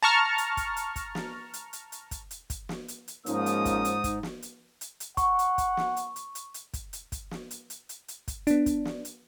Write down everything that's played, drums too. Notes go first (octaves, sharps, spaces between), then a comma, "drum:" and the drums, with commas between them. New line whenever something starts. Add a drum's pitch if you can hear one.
A5 A#5 C#6 F6
drum: hi-hat
drum: kick, hi-hat
drum: hi-hat
drum: kick, hi-hat
drum: snare
drum: hi-hat
drum: hi-hat
drum: hi-hat
drum: kick, hi-hat
drum: hi-hat
drum: kick, hi-hat
drum: snare
drum: hi-hat
drum: hi-hat
G#2 F3 A#3 C#4 D#4 D#6, drum: hi-hat
drum: hi-hat
drum: kick, hi-hat
drum: hi-hat
drum: kick, hi-hat
drum: snare
drum: hi-hat
drum: hi-hat
drum: hi-hat
F#5 C#6, drum: kick, hi-hat
drum: hi-hat
drum: kick, hi-hat
drum: snare
drum: hi-hat
drum: hi-hat
drum: hi-hat
drum: hi-hat
drum: kick, hi-hat
drum: hi-hat
drum: kick, hi-hat
drum: snare
drum: hi-hat
drum: hi-hat
drum: hi-hat
drum: hi-hat
drum: kick, hi-hat
B3 D4, drum: hi-hat
drum: kick, hi-hat
drum: snare
drum: hi-hat